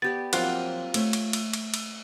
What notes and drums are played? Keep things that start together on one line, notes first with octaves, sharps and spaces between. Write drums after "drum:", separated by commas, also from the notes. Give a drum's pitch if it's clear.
B3 G4 D5 A6
F3 F#3 A#3 C4 F4 F#4 F#5, drum: cymbal
A3 C#5 E5, drum: cymbal
drum: cymbal
drum: cymbal
drum: cymbal
drum: cymbal